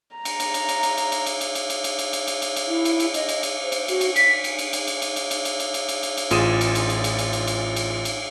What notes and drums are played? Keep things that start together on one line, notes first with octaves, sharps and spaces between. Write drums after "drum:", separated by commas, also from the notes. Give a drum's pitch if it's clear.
A#5
drum: cymbal
drum: cymbal
drum: cymbal
drum: cymbal
drum: cymbal
drum: cymbal
drum: cymbal
drum: cymbal
drum: cymbal
drum: cymbal
drum: cymbal
drum: cymbal
drum: cymbal
drum: cymbal
drum: cymbal
drum: cymbal
drum: cymbal
E4
drum: cymbal
drum: cymbal
D#5, drum: cymbal
drum: cymbal
drum: cymbal
C5
drum: cymbal
F#4, drum: cymbal
drum: cymbal
B6, drum: cymbal
drum: cymbal
drum: cymbal
drum: cymbal
drum: cymbal
drum: cymbal
drum: cymbal
drum: cymbal
drum: cymbal
drum: cymbal
drum: cymbal
drum: cymbal
drum: cymbal
drum: cymbal
A1 F4 G#4 D#6 D#7 E7, drum: cymbal
drum: cymbal
drum: cymbal
drum: cymbal
drum: cymbal
drum: cymbal
drum: cymbal
drum: cymbal
drum: cymbal
drum: cymbal